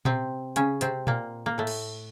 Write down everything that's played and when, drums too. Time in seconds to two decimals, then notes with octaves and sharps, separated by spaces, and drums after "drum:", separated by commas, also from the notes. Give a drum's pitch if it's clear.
0.05 C3 C4, drum: tom A#2
0.56 C#3 C#4, drum: hi-hat
0.81 C3 C4, drum: hi-hat
1.07 A#2 A#3, drum: tom A#2
1.46 A#3
1.58 A2 A3
1.67 drum: cymbal